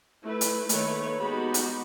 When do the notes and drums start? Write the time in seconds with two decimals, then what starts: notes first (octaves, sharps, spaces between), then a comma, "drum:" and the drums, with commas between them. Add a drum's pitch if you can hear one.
0.23 A3 E4 B4
0.41 drum: hi-hat
0.69 D#3 A3 A#3 B4 C#5, drum: hi-hat
1.19 G#3 B3 D#4 F#4 G4 B5
1.54 drum: hi-hat